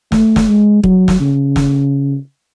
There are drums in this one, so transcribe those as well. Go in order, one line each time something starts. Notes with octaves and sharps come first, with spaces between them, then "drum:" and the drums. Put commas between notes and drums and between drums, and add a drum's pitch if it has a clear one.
A3, drum: snare
drum: snare
G#3
F#3, drum: kick
drum: snare
C#3
drum: snare